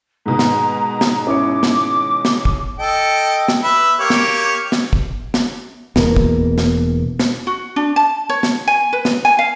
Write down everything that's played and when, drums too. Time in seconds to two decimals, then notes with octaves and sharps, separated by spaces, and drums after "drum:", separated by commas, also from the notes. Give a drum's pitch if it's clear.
0.26 G#2 B2 D#3 A#5
0.39 drum: snare
1.01 drum: snare
1.27 C#4 E4 C#5 D6
1.63 drum: snare
2.25 drum: snare
2.45 drum: kick
2.79 A4 D#5 G5
3.48 drum: snare
3.63 B4 E5
4.00 A#3 G4 C#5
4.10 drum: snare
4.72 drum: snare
4.93 drum: kick
5.34 drum: snare
5.96 E1 B2 A#3, drum: snare
6.16 drum: kick
6.58 drum: snare
7.19 drum: snare
7.47 F#4
7.76 D4
7.96 A5
8.30 C#5
8.43 drum: snare
8.68 G#5
8.93 B4
9.05 drum: snare
9.25 G#5
9.39 F5